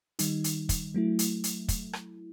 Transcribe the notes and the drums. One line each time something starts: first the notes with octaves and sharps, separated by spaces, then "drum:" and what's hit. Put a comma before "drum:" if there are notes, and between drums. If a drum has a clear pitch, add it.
D#3 G3 D#4, drum: hi-hat
drum: hi-hat
drum: kick, hi-hat
F#3 A3 E4
drum: hi-hat
drum: hi-hat
drum: kick, hi-hat
drum: rim click